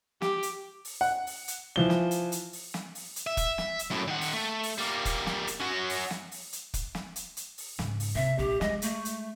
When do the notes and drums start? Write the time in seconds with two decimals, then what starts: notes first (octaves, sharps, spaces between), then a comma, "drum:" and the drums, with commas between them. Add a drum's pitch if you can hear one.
0.22 G4, drum: snare
0.43 drum: hi-hat
0.85 drum: open hi-hat
1.01 F#5
1.27 drum: open hi-hat
1.48 drum: hi-hat
1.76 E3 F3 G7
1.90 drum: snare
2.11 drum: hi-hat
2.32 drum: hi-hat
2.53 drum: open hi-hat
2.74 drum: snare
2.95 drum: open hi-hat
3.16 drum: hi-hat
3.27 E5
3.37 drum: kick, hi-hat
3.58 drum: snare
3.79 drum: hi-hat
3.90 F#2 A2
4.08 D#3 F#5
4.21 drum: open hi-hat
4.34 A3
4.63 drum: open hi-hat
4.78 G3 A#3
5.05 drum: kick, hi-hat
5.26 drum: snare
5.47 drum: hi-hat
5.60 C#4 F#4
5.89 drum: open hi-hat
6.10 drum: snare
6.32 drum: open hi-hat
6.53 drum: hi-hat
6.74 drum: kick, hi-hat
6.95 drum: snare
7.16 drum: hi-hat
7.37 drum: hi-hat
7.58 drum: open hi-hat
7.79 G#2 C#3, drum: snare
8.00 drum: open hi-hat
8.15 C3 E5
8.39 A#1 G4
8.61 G#3 D#5, drum: snare
8.82 A3, drum: hi-hat
9.05 drum: hi-hat